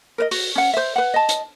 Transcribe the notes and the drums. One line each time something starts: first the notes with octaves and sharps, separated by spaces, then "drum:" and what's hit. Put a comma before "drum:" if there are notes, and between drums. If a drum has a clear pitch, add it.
A#4 B4 D#5
F#4, drum: open hi-hat
C#4 F#5
C5 E5
B4 F#5
D#5 A5
drum: hi-hat